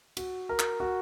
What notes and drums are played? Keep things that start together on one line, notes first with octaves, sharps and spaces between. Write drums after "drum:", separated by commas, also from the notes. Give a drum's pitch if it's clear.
F#4, drum: cymbal
A#4
drum: clap
F#4